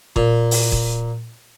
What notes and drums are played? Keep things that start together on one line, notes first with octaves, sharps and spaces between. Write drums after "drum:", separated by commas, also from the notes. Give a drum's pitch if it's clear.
A#2, drum: kick
drum: open hi-hat
drum: kick